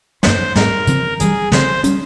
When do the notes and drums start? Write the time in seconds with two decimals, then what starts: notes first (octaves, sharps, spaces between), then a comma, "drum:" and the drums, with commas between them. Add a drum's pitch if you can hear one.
0.23 G2 F3 A#3 C#4 C5, drum: snare
0.55 G#2 G3 C4 A#4, drum: snare
0.87 C#3 F3 C4, drum: hi-hat
1.20 G2 E3 G3 G#4, drum: hi-hat
1.52 C#3 F3 C4 C5, drum: snare
1.84 G3 C#4, drum: hi-hat